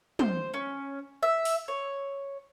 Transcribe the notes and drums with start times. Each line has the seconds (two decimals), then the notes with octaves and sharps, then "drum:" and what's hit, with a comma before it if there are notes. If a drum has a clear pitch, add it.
0.19 C5, drum: tom
0.54 C#4
1.23 E5
1.45 drum: open hi-hat
1.68 C#5